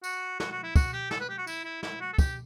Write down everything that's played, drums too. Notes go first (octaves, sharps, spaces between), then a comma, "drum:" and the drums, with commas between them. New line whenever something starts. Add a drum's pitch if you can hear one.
F#4, drum: tambourine
F#4, drum: snare
F#4
E4
F#4, drum: kick, tambourine
G4
A4, drum: snare
B4
G4
F#4
E4, drum: tambourine
E4
E4, drum: snare
F#4
A4
G4, drum: kick, tambourine